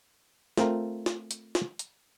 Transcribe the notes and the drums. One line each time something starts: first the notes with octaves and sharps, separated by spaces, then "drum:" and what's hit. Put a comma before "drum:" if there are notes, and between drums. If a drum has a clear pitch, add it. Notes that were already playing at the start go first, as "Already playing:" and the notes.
A3 C4 F4 A#4, drum: snare
drum: snare
drum: hi-hat
drum: snare
drum: hi-hat